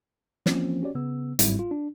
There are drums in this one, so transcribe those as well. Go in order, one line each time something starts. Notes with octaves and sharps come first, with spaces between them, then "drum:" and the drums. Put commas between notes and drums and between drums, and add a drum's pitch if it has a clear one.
E3 F3 A#3 C4 C#4, drum: snare
C#4 F#4 G4 C#5 D5
C#3 B3 E6
G1 G#2 F#3 G3 C4 E4, drum: hi-hat
F4
D4